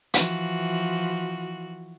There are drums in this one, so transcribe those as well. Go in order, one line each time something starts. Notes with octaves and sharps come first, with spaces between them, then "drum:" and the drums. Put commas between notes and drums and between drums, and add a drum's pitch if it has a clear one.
E3 F3 F#4, drum: hi-hat